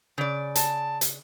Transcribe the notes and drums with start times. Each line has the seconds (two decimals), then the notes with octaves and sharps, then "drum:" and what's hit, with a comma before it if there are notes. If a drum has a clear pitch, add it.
0.18 C#3 D5
0.55 A5, drum: hi-hat
1.01 drum: hi-hat